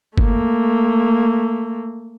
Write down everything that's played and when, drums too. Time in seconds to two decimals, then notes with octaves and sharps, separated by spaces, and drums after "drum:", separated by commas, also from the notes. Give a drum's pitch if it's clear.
0.18 A3 A#3, drum: kick G1